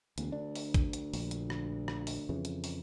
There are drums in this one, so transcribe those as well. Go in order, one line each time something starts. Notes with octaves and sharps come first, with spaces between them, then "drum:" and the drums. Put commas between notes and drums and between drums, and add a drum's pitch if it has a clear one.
E1 D2, drum: hi-hat
D2 D4
drum: open hi-hat
drum: kick, hi-hat
drum: hi-hat
A#1, drum: open hi-hat
drum: hi-hat
drum: rim click
drum: rim click
drum: open hi-hat
F2 C#3 E3
drum: hi-hat
drum: open hi-hat